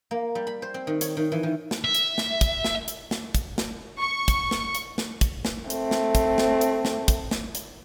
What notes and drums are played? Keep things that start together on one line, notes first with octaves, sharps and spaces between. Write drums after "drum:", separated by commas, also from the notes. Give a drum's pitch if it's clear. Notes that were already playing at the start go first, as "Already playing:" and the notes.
A#3
G3
B5
C5
C4
D#3
C#5, drum: hi-hat
D#3
E3
D#3
drum: snare
E5
drum: hi-hat
drum: snare
drum: kick, hi-hat
drum: snare
drum: hi-hat
drum: snare
drum: kick, hi-hat
drum: snare
C#6
drum: kick, hi-hat
drum: snare
drum: hi-hat
drum: snare
drum: kick, hi-hat
drum: snare
A3 C4, drum: hi-hat
drum: snare
drum: kick, hi-hat
drum: snare
drum: hi-hat
drum: snare
drum: kick, hi-hat
drum: snare
drum: hi-hat